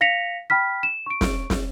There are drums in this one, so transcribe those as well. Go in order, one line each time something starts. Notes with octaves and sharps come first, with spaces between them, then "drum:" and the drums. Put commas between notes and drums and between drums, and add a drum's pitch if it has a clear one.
F5 A#6 B6 C#7 F7
G5 B5 F6 B6
E7
C#6 D7
drum: snare
drum: snare